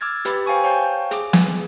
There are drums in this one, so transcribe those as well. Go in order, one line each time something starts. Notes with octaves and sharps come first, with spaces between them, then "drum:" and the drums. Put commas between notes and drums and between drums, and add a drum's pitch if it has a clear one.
D6 E6 F6 G#6 A6
G4 B4 B5, drum: hi-hat
C5 F5 G5 G#5 C#6
C5 C#5 F5 G5 A5 G6
G#4 D6, drum: hi-hat
drum: snare